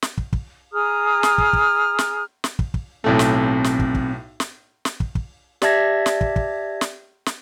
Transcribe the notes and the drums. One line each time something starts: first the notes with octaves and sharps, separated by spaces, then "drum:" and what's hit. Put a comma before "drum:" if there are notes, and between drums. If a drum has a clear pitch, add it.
drum: snare
drum: kick
drum: kick
G#4 A#5 D#6 F6
drum: snare
drum: kick
drum: kick
drum: snare
drum: snare
drum: kick
drum: kick
B1 A2 A3 C4
drum: snare
drum: snare
drum: kick
drum: kick
drum: snare
drum: snare
drum: kick
drum: kick
G4 D5 E5 A5 G#6 A#6, drum: snare
drum: snare
drum: kick
drum: kick
drum: snare
drum: snare